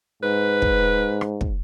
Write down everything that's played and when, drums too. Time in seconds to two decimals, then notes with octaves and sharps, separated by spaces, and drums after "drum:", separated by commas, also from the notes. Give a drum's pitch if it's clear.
0.23 G#2 B4
0.62 drum: kick
1.21 drum: rim click
1.41 drum: kick